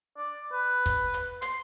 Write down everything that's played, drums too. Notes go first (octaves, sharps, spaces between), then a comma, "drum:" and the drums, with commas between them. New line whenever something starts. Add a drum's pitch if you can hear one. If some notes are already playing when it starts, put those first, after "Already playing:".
D5
B4
drum: kick, hi-hat
drum: hi-hat
C6, drum: hi-hat